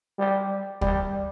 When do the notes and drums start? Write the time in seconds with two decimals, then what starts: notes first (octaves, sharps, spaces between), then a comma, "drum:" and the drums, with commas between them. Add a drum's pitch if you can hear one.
0.18 G3
0.81 G3, drum: kick